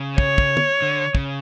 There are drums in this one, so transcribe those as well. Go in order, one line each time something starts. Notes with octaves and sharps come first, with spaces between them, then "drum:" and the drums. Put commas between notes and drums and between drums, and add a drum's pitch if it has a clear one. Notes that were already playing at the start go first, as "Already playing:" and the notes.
Already playing: C#3
C#5, drum: kick
drum: kick
drum: tom
D3
C#3, drum: kick